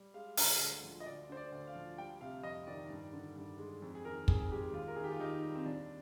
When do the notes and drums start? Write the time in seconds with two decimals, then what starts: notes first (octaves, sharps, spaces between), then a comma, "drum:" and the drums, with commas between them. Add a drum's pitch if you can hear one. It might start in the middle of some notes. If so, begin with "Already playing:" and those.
Already playing: G3
0.14 G#3 F5
0.37 D3, drum: open hi-hat
0.60 D2
0.83 F3
1.00 D#5
1.06 D2 D5
1.29 D3 C5
1.37 D5
1.52 D2
1.67 F5
1.75 F3
1.98 G3 G5
2.21 C3 F5
2.43 F2 D#5
2.67 D#3 D5
2.90 G2
3.13 D3
3.36 G2
3.58 G#3
3.82 F2
3.95 G#4
4.05 D#3 A#4
4.28 F2 G#4, drum: kick
4.51 G#3 G4
4.73 D#2 F4
4.88 A#4
4.96 D#3 G#4
5.04 G4
5.11 F4
5.20 D#2 D#4
5.43 G3
5.55 C4
5.66 D#2 D4